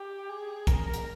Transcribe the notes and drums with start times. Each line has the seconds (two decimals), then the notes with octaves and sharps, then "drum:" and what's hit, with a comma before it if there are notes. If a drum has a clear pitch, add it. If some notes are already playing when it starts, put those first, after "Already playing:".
Already playing: G4
0.29 G#4
0.67 A#4, drum: kick, hi-hat
0.94 drum: hi-hat